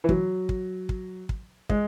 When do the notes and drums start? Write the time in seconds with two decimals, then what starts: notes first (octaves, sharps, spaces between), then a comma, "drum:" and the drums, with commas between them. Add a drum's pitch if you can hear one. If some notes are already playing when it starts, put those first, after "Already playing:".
0.04 E3
0.09 F#3, drum: kick
0.49 drum: kick
0.89 drum: kick
1.29 drum: kick
1.70 G#3, drum: kick